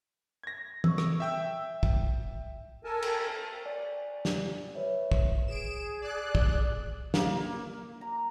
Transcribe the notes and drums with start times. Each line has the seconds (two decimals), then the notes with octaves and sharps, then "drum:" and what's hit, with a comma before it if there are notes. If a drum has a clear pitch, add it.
0.43 G#6 A#6
0.84 C#6 E6, drum: tom E3
0.98 drum: rim click
1.20 E5 G5 E6
1.83 drum: kick
2.84 A4 A#4 G#5 A5
3.02 drum: cymbal
3.65 D5 G#5
4.25 drum: snare
4.75 B4 C#5 E5
5.12 drum: kick
5.47 G#4 D7 E7
6.01 D5 F#6
6.35 drum: kick
7.14 A#3, drum: snare
8.01 A#5